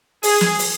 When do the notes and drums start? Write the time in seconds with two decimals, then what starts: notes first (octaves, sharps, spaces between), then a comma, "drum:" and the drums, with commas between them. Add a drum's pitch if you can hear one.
0.23 G#4, drum: open hi-hat
0.41 drum: snare
0.59 drum: open hi-hat